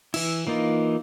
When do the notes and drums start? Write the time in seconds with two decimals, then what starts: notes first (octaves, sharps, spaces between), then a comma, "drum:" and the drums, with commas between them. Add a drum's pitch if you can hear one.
0.14 E3 E4, drum: cymbal
0.47 E3 A#3 D#4 F4